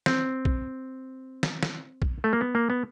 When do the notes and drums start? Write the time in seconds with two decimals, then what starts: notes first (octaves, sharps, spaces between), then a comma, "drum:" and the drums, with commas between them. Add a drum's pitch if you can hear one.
0.06 C4, drum: snare
0.45 drum: kick B1
1.43 drum: snare
1.63 drum: snare
2.02 drum: kick B1
2.24 A3
2.33 A#3
2.41 B3
2.55 A#3
2.70 B3